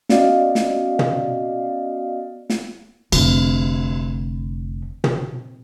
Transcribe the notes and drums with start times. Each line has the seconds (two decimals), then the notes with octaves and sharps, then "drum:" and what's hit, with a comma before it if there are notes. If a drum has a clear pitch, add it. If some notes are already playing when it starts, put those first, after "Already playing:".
0.09 B3 C#4 F#4 D5 D#5 F5, drum: snare
0.55 drum: snare
0.99 drum: tom
2.50 drum: snare
3.12 F1 D3, drum: cymbal
5.04 drum: tom